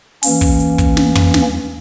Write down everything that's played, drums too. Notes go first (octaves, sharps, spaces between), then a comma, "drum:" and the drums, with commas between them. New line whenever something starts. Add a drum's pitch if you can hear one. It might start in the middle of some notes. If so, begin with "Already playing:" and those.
E3 A#3 C#4, drum: open hi-hat
drum: kick, hi-hat
drum: hi-hat
drum: kick, hi-hat
drum: snare
drum: tom
drum: snare